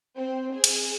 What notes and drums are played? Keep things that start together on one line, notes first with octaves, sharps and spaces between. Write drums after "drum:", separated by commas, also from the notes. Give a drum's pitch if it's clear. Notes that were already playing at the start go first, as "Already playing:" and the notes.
C4
G#4
drum: cymbal